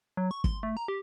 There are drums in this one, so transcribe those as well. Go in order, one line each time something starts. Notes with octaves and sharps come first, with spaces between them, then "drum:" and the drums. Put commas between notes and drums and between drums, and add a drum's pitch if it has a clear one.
F#3
C#6
C6, drum: kick
A3
A#5
G4